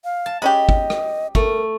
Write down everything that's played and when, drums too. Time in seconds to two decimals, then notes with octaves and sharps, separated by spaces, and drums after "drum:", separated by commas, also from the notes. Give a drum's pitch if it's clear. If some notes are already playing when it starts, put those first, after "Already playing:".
0.04 F5
0.26 A5
0.42 G#3 C#4 G4 D#5 B5
0.69 drum: kick
0.90 drum: rim click
1.35 A3 A#4, drum: kick